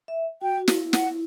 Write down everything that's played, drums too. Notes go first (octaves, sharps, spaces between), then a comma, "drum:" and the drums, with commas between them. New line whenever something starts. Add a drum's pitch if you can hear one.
E5
F#4 G5
F#4
E4, drum: snare
F#5, drum: snare